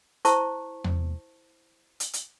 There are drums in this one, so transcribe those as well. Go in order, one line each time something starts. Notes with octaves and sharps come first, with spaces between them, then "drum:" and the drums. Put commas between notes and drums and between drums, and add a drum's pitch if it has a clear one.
E4 C5 A5 C#6, drum: hi-hat
drum: tom E2
drum: hi-hat
drum: hi-hat